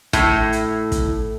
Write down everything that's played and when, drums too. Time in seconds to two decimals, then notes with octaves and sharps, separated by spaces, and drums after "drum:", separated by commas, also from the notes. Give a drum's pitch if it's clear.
0.13 A2, drum: kick, hi-hat
0.52 drum: hi-hat
0.92 drum: kick, hi-hat